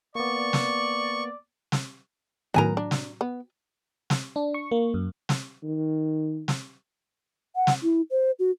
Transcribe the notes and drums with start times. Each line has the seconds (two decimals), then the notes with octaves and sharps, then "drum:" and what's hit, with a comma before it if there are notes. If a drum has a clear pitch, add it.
0.15 A#3 B3 D5 C#6
0.53 drum: snare
1.72 drum: snare
2.54 A2 D#3 F#3 B3 F#4 A#4 G#5 A#5
2.77 D4
2.91 drum: snare
3.21 B3
4.10 drum: snare
4.36 D4
4.54 C#6
4.71 A#3
4.94 F#2
5.29 drum: snare
5.63 D#3
6.48 drum: snare
7.56 F#5
7.67 drum: snare
7.83 E4
8.11 C5
8.39 F#4